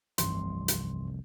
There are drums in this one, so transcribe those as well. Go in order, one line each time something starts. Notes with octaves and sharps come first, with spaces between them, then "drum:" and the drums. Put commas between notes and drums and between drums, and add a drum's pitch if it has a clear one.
F1 C2 G2 E3 C6, drum: hi-hat
drum: hi-hat